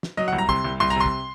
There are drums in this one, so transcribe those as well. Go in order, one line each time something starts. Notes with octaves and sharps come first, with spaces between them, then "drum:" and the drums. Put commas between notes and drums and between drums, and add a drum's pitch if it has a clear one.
drum: snare
F#3 D#5
F#5
C2
A#5
C3 C6, drum: kick
C2
C2 C6
A#5
C3 C6
drum: kick